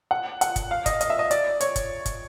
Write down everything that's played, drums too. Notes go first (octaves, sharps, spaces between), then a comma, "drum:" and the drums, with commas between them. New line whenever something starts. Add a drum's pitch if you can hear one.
F#5
F#5, drum: hi-hat
drum: kick, hi-hat
F5
D#5, drum: kick, hi-hat
D#5, drum: hi-hat
E5
D#5
D5, drum: hi-hat
C#5, drum: hi-hat
drum: kick, hi-hat
drum: kick, hi-hat